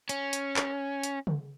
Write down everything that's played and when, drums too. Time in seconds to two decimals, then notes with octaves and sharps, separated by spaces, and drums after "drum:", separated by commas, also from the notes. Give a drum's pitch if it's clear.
0.09 C#4, drum: hi-hat
0.33 drum: hi-hat
0.56 drum: clap
1.03 drum: hi-hat
1.27 drum: tom C#3